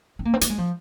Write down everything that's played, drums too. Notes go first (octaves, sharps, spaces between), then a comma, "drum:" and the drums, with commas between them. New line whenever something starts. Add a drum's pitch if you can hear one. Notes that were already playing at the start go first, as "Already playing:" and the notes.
C4
A#3
C4
A#3, drum: hi-hat
G#3
F3